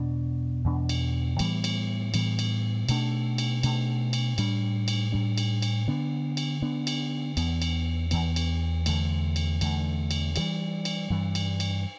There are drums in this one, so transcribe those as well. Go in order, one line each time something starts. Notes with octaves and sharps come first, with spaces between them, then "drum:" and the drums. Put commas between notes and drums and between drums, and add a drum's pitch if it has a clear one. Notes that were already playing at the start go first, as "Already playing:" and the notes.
Already playing: E2 B2 D4
E2 B2 B3 D4
drum: cymbal
A2 E3 G3 B3, drum: cymbal
drum: cymbal
A2 E3 G3 B3, drum: cymbal
drum: cymbal
B2 A3 D4, drum: cymbal
drum: cymbal
B2 A3 D4, drum: cymbal
drum: cymbal
A2 G3 D4, drum: cymbal
drum: cymbal
A2 G3 D4
drum: cymbal
drum: cymbal
D3 B3 D4
drum: cymbal
D3 B3 D4
drum: cymbal
E2 E3 B3, drum: cymbal
drum: cymbal
E2 E3 B3, drum: cymbal
drum: cymbal
E2 D3 A3, drum: cymbal
drum: cymbal
E2 D3 A3, drum: cymbal
drum: cymbal
G2 E3 G3, drum: cymbal
drum: cymbal
G2 E3 G3
drum: cymbal
drum: cymbal